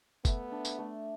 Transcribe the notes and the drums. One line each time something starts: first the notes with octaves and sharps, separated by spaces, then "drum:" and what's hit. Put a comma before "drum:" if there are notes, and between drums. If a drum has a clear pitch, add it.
A3 B3, drum: kick, tambourine
D4
drum: tambourine
A3